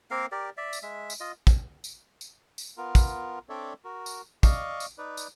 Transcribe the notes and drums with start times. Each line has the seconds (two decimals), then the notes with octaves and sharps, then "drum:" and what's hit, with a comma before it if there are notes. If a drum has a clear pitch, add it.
0.11 A#3 C4 A#4 F5
0.32 G4 A#4 D5
0.57 D5 E5
0.73 drum: tambourine
0.83 G#3 E5
1.10 drum: tambourine
1.20 F4 D#5
1.47 drum: kick, tambourine
1.84 drum: tambourine
2.21 drum: tambourine
2.58 drum: tambourine
2.78 B3 F4 A#4
2.95 drum: kick, tambourine
3.49 C4 D4 A4 C#5 D5 E5
3.84 F#4 A#4
4.06 drum: tambourine
4.43 D5 D#5 F5 C#6, drum: kick, tambourine
4.80 drum: tambourine
4.98 D#4 B4 D5
5.17 drum: tambourine